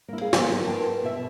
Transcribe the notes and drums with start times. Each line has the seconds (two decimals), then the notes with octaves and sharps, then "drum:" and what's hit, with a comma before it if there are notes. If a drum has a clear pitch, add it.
0.08 A#3 E4
0.21 G#4 F5
0.33 D3 F3 F#3 A#3 B3 D#4, drum: snare
0.47 D#4 A#4
0.66 F4 A#4 B4 G5 A5
1.03 B2 E5